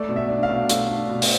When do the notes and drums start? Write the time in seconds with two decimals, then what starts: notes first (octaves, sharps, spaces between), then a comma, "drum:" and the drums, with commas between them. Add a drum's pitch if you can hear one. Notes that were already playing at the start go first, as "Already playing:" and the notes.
Already playing: A3 D5
0.09 B2
0.16 E5
0.29 D4
0.43 F5
0.49 B2
0.69 A3, drum: hi-hat
0.88 D4
1.09 B2
1.22 drum: open hi-hat